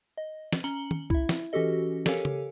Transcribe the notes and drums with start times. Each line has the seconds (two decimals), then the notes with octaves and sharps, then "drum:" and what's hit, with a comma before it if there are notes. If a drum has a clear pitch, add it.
0.18 D#5
0.53 drum: snare
0.64 C#4 A#5 C#7 F#7 G7
0.91 drum: tom
1.10 E4 E5, drum: kick C2
1.29 drum: snare
1.53 E3 C#4 F#4 G4 A4 D#5
2.06 G4 A4 A#4 C#5 F5 G#5, drum: snare
2.25 drum: tom C#3